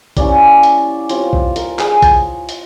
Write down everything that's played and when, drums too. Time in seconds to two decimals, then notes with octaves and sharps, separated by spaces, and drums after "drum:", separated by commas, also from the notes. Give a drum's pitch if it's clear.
0.17 G3 A#3 C#4 E4 D5, drum: kick, hi-hat
0.63 drum: hi-hat
1.09 G3 C4 F4 C#5, drum: hi-hat
1.33 drum: kick
1.56 A#4, drum: hi-hat
1.79 G#4, drum: clap
2.02 drum: kick, hi-hat
2.49 drum: hi-hat